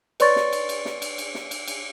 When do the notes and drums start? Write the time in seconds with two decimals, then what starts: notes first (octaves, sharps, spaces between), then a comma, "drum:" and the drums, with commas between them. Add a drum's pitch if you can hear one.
0.20 B4 C#5 D5 C6 C#6 A6, drum: cymbal
0.36 drum: snare
0.53 drum: cymbal
0.69 drum: cymbal
0.85 drum: snare
1.02 drum: cymbal
1.18 drum: cymbal
1.35 drum: snare
1.51 drum: cymbal
1.67 drum: cymbal